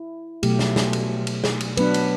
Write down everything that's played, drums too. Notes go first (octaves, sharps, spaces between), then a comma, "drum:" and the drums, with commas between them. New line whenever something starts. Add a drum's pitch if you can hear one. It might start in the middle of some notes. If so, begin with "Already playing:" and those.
Already playing: E4
B2 F#3 A3 G4, drum: cymbal
drum: snare
drum: snare
drum: cymbal
drum: cymbal
drum: snare
drum: cymbal
F#3 B3 D4 B4, drum: cymbal
drum: cymbal